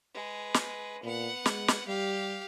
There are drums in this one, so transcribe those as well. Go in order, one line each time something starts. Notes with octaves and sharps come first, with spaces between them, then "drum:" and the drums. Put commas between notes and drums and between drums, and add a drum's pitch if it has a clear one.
G#3 B4
drum: snare
A#2 B3 F#5
G#3, drum: snare
drum: snare
G3 G4 F5